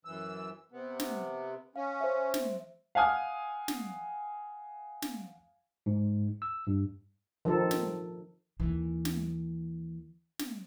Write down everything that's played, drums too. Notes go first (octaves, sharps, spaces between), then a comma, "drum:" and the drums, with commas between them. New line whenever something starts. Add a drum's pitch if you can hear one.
F#2 E3 E6
C3 B3
drum: snare
C#4 F5
C5 E5
drum: snare
F5 F#5 G#5 D#6 F6
drum: snare
drum: snare
G#2
E6
G2
D#3 F3 A4
drum: snare
D#2 E3
drum: snare
drum: snare